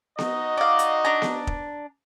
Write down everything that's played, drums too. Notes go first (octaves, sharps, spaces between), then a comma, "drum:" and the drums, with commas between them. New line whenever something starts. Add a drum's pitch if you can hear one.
D#4 F#4 D#5, drum: snare B3
D5 F5
drum: hi-hat
D4 A#5
drum: snare B3
drum: kick